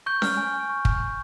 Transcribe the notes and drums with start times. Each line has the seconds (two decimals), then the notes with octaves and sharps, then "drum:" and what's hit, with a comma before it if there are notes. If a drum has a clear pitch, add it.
0.06 C#6 G6
0.22 F6, drum: snare C#4
0.37 G#5
0.54 G#5
0.70 C#6
0.85 F6, drum: kick
1.01 G#5